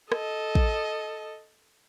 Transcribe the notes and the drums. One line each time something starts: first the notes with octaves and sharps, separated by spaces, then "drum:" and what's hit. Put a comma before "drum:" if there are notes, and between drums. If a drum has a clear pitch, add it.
A4 D#5, drum: rim click
drum: kick A1